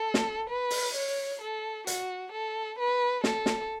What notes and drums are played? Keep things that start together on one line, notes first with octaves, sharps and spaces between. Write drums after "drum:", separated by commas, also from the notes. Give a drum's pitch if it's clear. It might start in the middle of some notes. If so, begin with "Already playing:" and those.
Already playing: A4
drum: snare
B4
drum: open hi-hat
C#5
A4
F#4, drum: hi-hat
A4
B4
A4, drum: snare
drum: snare